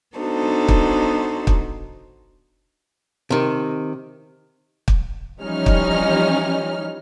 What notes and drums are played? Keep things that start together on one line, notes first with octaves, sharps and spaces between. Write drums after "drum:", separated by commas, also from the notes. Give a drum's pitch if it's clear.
B3 D4 D#4 F#4 A4 C5
drum: kick
drum: kick
C3 D#3
drum: kick
E3 F3 G3 C#4 D#4 F6
drum: kick